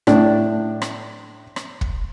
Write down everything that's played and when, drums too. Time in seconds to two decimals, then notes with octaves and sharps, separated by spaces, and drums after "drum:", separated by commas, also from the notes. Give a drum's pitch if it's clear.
0.07 A2 D4, drum: rim click
0.82 drum: rim click
1.56 drum: rim click
1.81 drum: kick